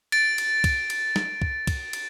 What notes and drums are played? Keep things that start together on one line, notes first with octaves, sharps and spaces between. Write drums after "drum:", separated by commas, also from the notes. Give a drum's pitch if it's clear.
A6 D7, drum: cymbal
drum: cymbal
drum: kick, cymbal
drum: cymbal
drum: snare
drum: kick
drum: kick, cymbal
drum: cymbal